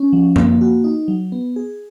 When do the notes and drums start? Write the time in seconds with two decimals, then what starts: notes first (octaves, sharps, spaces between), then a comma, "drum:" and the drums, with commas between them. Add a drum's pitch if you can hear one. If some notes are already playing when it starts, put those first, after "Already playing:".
Already playing: C#4
0.13 F3
0.36 A#3, drum: tom F#2
0.61 F#4
0.84 D#4
1.08 F#3
1.32 B3
1.56 G#4